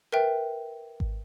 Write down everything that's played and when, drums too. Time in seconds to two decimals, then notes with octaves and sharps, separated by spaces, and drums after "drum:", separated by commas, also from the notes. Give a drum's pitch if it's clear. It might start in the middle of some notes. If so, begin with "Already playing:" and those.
0.12 A#4 B4 E5 G5
1.00 drum: kick G#1